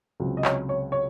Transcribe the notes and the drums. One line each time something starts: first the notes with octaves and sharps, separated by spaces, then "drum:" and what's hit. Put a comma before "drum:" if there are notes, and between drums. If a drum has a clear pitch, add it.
C#2 C3 F#3 C4
D#5
C#5, drum: clap
C#5
C#5